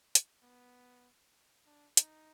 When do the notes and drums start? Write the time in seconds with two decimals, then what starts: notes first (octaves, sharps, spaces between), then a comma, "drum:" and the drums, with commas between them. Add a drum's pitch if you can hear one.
0.15 drum: hi-hat
0.43 B3
1.66 D4
1.97 D#4, drum: hi-hat